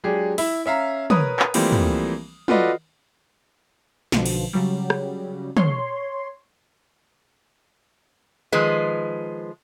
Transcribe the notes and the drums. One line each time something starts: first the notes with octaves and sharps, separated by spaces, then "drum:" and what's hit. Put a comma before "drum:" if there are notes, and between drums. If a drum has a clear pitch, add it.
F#3 G#3 D4 G4 G#4
E4, drum: open hi-hat
C#4 E5 F5 A#5
A#4 B4 C#5 D#6, drum: tom
drum: clap
E3 F3 G3 A3 A#3 C4, drum: cymbal
drum: tom
F4 F#4 A4 B4 D5 D#5, drum: tom
B1 B2 D3 F3, drum: snare
drum: cymbal
C#3 F#3 G3
drum: rim click
C#5 C6, drum: tom
D#3 F3 G#3 B4